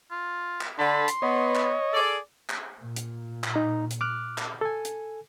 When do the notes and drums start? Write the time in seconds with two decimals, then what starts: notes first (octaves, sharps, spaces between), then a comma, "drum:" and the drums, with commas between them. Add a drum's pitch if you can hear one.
0.11 F4
0.61 drum: clap
0.79 D3 A5 B5 C6
1.08 drum: hi-hat
1.22 B3 C#5 D#5
1.55 drum: clap
1.93 G#4 A4 D5
2.49 drum: clap
2.80 A#2
2.96 drum: hi-hat
3.44 drum: clap
3.54 D#4 A#5
3.91 drum: hi-hat
4.01 D6 F6 F#6
4.38 drum: clap
4.61 A4 G#5
4.85 drum: hi-hat